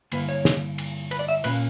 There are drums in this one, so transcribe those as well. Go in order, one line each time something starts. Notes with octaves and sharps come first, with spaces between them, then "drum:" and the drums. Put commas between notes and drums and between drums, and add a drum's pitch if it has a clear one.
G2 D3 A#3 E4 B4, drum: cymbal
C#5
drum: snare
drum: cymbal
B4, drum: cymbal
D5
E5
A#2 A#3 C#4 B4, drum: cymbal